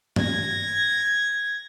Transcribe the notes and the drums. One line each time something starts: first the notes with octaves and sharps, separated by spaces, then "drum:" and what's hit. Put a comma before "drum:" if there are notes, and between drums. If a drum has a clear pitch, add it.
G#6 A#6, drum: tom G2